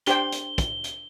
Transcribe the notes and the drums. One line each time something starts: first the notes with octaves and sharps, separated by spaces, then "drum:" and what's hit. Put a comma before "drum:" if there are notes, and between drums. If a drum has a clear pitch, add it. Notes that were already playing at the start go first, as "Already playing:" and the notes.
D4 G4 C5 G5 G7, drum: hi-hat
drum: hi-hat
drum: kick, hi-hat
drum: hi-hat